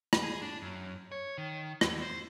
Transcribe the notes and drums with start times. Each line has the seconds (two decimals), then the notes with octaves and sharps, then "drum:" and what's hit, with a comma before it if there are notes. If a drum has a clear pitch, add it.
0.13 drum: rim click
0.23 G#4
0.42 D4
0.62 F#2
1.12 C#5
1.38 D#3
1.81 E2, drum: rim click
2.02 C5